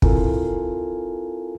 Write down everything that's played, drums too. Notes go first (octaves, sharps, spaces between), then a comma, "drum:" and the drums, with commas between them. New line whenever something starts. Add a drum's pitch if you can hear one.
C4 E4 F4 A4 A#4 G#5, drum: kick